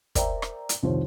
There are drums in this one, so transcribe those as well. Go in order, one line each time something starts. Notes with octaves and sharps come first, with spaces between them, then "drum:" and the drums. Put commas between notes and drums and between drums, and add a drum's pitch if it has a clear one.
A#4 C5 D5 E5 G5 A#5, drum: kick, hi-hat
drum: rim click
drum: hi-hat
C2 F2 D#3 C5 C#5